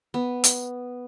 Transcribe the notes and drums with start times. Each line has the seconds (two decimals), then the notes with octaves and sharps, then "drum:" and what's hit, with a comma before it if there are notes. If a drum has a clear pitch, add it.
0.14 B3
0.44 drum: hi-hat